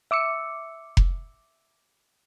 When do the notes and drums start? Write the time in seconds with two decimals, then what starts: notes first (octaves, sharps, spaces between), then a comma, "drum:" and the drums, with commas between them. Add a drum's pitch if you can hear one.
0.11 E5 D6 E6 C#7
0.97 drum: kick F1